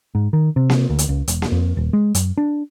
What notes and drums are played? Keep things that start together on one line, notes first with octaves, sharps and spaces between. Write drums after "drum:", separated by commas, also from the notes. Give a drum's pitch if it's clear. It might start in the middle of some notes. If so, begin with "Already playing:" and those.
G#2
D#3
C3
drum: snare A#3
D2
drum: hi-hat
C#2
E1, drum: hi-hat
drum: snare A#3
F2
D#1
G#3
F#2, drum: hi-hat
D4